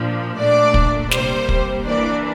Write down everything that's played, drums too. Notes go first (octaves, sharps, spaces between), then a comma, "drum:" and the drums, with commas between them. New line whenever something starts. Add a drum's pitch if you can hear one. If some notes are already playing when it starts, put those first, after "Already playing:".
Already playing: A#2 F3 A#3 D4
A#2 A3 D4 D5
drum: kick
C3 G3 A#3 C5, drum: snare
drum: kick
E3 A#3 D4 D5